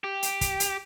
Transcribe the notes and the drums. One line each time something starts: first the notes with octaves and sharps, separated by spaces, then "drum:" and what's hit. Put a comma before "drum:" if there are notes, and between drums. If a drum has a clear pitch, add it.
G4
drum: hi-hat
drum: kick, hi-hat
drum: hi-hat